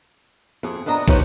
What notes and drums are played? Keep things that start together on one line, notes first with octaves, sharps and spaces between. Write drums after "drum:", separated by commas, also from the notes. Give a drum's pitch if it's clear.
F2 G#4
F2 B3 D4 D#5 A#5
F3 C#4 D#4 G4 B4 C#5, drum: kick